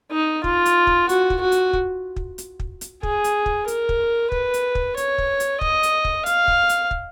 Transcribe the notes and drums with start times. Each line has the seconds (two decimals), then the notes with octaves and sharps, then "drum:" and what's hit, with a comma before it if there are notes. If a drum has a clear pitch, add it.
0.11 D#4
0.44 F4, drum: kick
0.65 drum: hi-hat
0.87 drum: kick
1.09 F#4, drum: hi-hat
1.30 drum: kick
1.41 F#4
1.52 drum: hi-hat
1.73 drum: kick
2.16 drum: kick
2.38 drum: hi-hat
2.60 drum: kick
2.81 drum: hi-hat
3.03 G#4, drum: kick
3.24 drum: hi-hat
3.46 drum: kick
3.68 A#4, drum: hi-hat
3.89 drum: kick
4.32 B4, drum: kick
4.54 drum: hi-hat
4.75 drum: kick
4.97 C#5, drum: hi-hat
5.18 drum: kick
5.40 drum: hi-hat
5.61 D#5, drum: kick
5.83 drum: hi-hat
6.05 drum: kick
6.26 F5, drum: hi-hat
6.48 drum: kick
6.69 drum: hi-hat
6.91 drum: kick